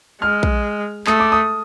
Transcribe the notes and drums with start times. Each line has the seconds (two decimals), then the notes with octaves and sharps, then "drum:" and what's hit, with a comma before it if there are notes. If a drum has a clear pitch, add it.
0.22 G#3 F6
0.43 drum: kick A#1
1.07 A3 D#6, drum: clap
1.20 D6
1.32 D#6